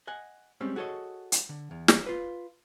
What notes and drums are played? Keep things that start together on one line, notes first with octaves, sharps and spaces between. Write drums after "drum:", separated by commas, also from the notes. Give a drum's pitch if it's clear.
D#5 F#5 G#5
G3 G#3 C4 C#4
F#4 G#4 A4 C#5 D#5
drum: hi-hat
D3
E2
drum: snare
F4 B4